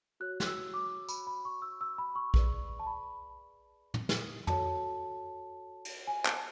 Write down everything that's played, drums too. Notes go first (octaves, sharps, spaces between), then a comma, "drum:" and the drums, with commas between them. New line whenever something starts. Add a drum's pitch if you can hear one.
F#4 C#5 F#6
F#6, drum: snare
E6
D6
B5, drum: tambourine
B5
C#6
E6
E6
B5
C#6
G#4 B4 D5, drum: kick A#1
A5
B5
drum: tom
drum: snare
F#4 A4 C#5 A5, drum: tom
drum: cymbal
G#5
A5, drum: clap